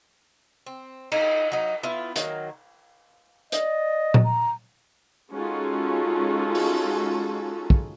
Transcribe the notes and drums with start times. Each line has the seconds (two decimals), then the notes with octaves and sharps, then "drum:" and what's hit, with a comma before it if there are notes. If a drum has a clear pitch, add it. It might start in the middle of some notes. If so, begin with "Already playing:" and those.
0.66 C4
1.12 D#4, drum: cymbal
1.52 F#3 D#4
1.83 B3 E4 F4 E5
2.16 D#3 F#3 A#3, drum: hi-hat
3.52 D5 D#5, drum: hi-hat
4.14 drum: tom A#2
4.24 A#5
5.32 G#3 C#4 D#4 F4 F#4 A4
6.55 drum: open hi-hat
7.70 drum: kick